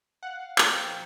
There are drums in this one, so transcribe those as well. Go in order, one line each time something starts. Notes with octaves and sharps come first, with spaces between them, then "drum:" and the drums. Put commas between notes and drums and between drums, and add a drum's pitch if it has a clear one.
F5 F#5
F3 C5 G5 A#5, drum: clap